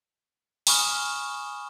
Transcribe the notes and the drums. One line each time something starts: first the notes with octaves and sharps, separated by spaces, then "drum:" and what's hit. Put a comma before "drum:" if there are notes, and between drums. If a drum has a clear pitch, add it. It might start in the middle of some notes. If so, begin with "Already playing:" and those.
G#5 B5 C#6 D#6 F6 E7, drum: open hi-hat